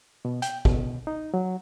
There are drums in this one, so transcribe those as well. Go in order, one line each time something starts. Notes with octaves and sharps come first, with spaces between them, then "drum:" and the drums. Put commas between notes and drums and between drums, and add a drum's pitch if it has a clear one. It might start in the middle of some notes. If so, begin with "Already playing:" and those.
B2
G5, drum: hi-hat
B2, drum: kick
D#4
F#3